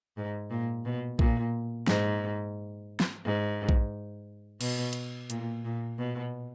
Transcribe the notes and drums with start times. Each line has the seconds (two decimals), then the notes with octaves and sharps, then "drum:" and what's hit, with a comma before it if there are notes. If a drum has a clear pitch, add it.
0.17 G#2
0.51 A#2
0.85 B2
1.19 A#2, drum: kick A#1
1.87 G#2, drum: snare
3.00 drum: snare
3.25 G#2
3.69 drum: kick A#1
4.61 B2, drum: cymbal
4.93 drum: hi-hat
5.30 A#2, drum: hi-hat
5.64 A#2
5.98 B2